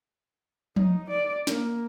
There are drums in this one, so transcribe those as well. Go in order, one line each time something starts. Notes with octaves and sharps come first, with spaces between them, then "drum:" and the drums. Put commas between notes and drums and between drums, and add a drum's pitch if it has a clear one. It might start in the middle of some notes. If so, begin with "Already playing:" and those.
D#4, drum: tom F3
D5
A#3, drum: snare